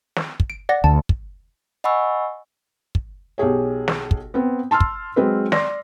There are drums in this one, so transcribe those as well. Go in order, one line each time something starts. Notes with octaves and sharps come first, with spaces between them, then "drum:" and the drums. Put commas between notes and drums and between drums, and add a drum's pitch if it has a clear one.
drum: snare
drum: kick
D7
D5 F#5 A#6
D2 A5
drum: kick
D#5 F#5 G#5 B5 C#6 E6
drum: kick
B1 G4 G#4 C#5
drum: snare
drum: kick
B3 C4
A5 C6 E6 F6
drum: kick
F#3 G#3 C4 B4
D5 C6 A#6, drum: snare